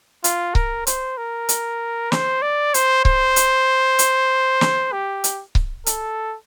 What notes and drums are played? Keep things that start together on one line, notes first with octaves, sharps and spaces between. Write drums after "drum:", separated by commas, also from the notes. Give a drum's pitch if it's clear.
F4, drum: hi-hat
A#4, drum: kick C#1
C5, drum: hi-hat
A#4
drum: hi-hat
C5, drum: snare
D5
C5, drum: hi-hat
C5, drum: kick C#1
drum: hi-hat
drum: hi-hat
drum: snare
G4
drum: hi-hat
drum: kick C#1
A4, drum: hi-hat